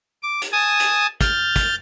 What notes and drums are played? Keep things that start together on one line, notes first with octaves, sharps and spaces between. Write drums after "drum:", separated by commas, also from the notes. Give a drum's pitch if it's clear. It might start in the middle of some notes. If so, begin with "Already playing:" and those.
D6
drum: hi-hat
G#5 A5 D#6
drum: hi-hat
F6 G6 A6, drum: kick, hi-hat
drum: kick, hi-hat